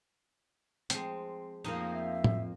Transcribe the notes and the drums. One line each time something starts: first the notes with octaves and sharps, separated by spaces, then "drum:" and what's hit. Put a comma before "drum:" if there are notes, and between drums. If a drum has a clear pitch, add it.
F3 G#3 C4, drum: hi-hat
F2 F3 A#3 D#4 D#5
E5
drum: tom A2